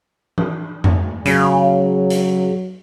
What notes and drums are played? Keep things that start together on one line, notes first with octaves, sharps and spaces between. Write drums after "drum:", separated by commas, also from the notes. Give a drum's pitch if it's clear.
drum: tom E3
drum: tom F2
C#3 F#3, drum: hi-hat
drum: hi-hat